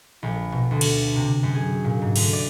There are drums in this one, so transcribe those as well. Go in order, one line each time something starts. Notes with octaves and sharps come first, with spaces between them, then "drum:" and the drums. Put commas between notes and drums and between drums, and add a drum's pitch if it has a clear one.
A#1
B2
D2
drum: cymbal
C3
F#2
G#4
A#2
G#2
D2, drum: cymbal
D5